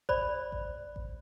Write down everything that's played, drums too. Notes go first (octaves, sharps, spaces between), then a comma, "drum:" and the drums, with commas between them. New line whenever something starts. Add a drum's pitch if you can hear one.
C5 D5 B5, drum: kick A1
drum: kick A1
drum: kick A1